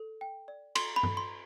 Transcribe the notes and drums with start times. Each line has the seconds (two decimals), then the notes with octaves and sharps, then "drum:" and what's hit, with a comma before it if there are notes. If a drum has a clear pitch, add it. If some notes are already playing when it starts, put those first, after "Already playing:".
Already playing: A4
0.21 G5
0.48 D5
0.75 A4 C6, drum: cymbal
0.96 B5
1.03 A4, drum: tom G2
1.17 C6